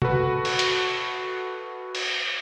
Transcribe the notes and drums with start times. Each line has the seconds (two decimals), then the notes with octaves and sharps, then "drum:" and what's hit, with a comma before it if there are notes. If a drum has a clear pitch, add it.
0.02 F#4 A4 B4, drum: tom
0.45 drum: cymbal
0.59 drum: hi-hat
1.95 drum: cymbal